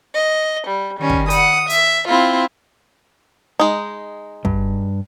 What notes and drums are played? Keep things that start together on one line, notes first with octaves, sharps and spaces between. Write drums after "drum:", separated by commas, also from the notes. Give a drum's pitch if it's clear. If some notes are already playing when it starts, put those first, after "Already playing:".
D#5
G3
D#3 G3 C#4
drum: kick
F#5 D#6, drum: hi-hat
E5, drum: hi-hat
C4 E4 F4
G#3 D#4
G2, drum: kick